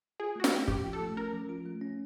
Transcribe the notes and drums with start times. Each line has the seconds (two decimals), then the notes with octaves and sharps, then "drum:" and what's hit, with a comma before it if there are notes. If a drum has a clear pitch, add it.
0.20 F4 G#4
0.36 A3 F#4
0.44 G4, drum: snare
0.52 C#4
0.68 F3 G4, drum: kick
0.84 F4
0.93 A4
1.01 A3
1.17 C#4 A#4
1.33 F3
1.49 F4
1.66 A3
1.81 C#4